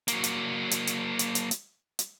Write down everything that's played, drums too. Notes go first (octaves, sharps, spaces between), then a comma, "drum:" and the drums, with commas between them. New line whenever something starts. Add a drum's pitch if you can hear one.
F#3 A#3, drum: hi-hat
drum: hi-hat
drum: hi-hat
drum: hi-hat
drum: hi-hat
drum: hi-hat
drum: hi-hat
drum: hi-hat